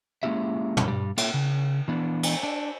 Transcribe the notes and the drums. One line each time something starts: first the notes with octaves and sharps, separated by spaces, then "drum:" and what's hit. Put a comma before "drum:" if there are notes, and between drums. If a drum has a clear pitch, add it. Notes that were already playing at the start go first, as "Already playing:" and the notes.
G#3 A#3 C#4 E4 G4 E5
drum: tom
G2 G3
A#3 F4 A4 C#5 E5 G5, drum: cymbal
C#3
E3 B3 D4
drum: cymbal
D4